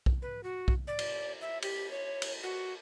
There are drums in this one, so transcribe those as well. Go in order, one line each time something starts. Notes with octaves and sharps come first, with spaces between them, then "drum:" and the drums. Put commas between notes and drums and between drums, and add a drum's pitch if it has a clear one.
drum: kick B1
B4
F#4
drum: kick B1
D5
drum: cymbal
E5
G4, drum: cymbal
C#5
drum: cymbal
F#4